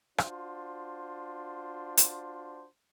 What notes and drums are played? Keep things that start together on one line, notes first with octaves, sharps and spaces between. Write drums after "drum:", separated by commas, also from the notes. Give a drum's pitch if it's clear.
D4 F4 F#4 C5, drum: rim click
drum: hi-hat